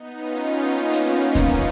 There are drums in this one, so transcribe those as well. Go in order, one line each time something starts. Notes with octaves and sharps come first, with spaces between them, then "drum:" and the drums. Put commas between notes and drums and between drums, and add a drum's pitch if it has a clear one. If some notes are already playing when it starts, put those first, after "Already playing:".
Already playing: B3 D#4
C#4 F4
B3 D#4
A#3 C#4
drum: hi-hat
A#3 C#4
drum: kick D#2, hi-hat